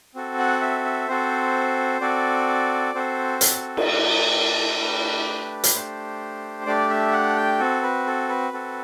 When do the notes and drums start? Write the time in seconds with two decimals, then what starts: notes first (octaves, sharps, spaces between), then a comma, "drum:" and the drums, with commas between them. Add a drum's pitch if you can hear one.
0.15 C4 F#4 A4
0.38 F#5
0.61 E5
0.85 E5
1.08 C4 F#4 A4 C5
2.01 C4 F#4 A4 D5
2.95 C4 F#4 A4 C5
3.41 A4, drum: hi-hat
3.77 drum: cymbal
3.87 A3 D4 G4
4.80 A3 D4 G4 B4
5.64 drum: hi-hat
5.73 A3 D4 G4 C5
6.66 A3 D4 G4 D5
6.90 E5
7.12 F#5
7.37 G5
7.59 C4 F#4 A4
7.83 B4
8.07 A4
8.29 B4
8.53 C4 F#4 A4